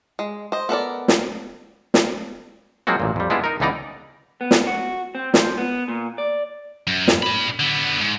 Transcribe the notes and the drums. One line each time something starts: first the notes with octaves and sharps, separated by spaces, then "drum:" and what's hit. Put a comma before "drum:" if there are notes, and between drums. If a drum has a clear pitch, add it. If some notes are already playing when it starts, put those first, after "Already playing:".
G#3
C5 D#5
B3 A4 A#4 D5
drum: snare
drum: snare
F3 F#3 G#3 A#3 C4 F#4
A1 A#2
F2 G3
G#3 B3 D4 E4 F4
D#4 A#4
C#2 E3 B3 D#4 D5 A#5
B3
drum: snare
F#4
C4
F3, drum: snare
B3
A#2
D5
F#2
drum: snare
D4 B5
D3 B3
G#2